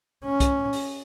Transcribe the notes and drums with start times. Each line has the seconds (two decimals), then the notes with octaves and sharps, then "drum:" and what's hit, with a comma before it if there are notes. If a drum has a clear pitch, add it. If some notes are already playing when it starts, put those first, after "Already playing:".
0.24 C#4
0.40 drum: kick C2, hi-hat
0.73 drum: open hi-hat